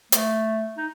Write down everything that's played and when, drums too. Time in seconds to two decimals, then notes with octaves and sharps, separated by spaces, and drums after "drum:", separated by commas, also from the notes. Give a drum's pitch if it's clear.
0.12 A3, drum: hi-hat
0.77 D#4